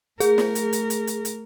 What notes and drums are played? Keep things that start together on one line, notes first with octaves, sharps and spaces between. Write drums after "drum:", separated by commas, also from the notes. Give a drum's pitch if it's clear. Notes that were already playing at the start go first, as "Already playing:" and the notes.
A3 G#4 A#4, drum: hi-hat
drum: snare
drum: hi-hat
drum: hi-hat
drum: hi-hat
drum: hi-hat
drum: hi-hat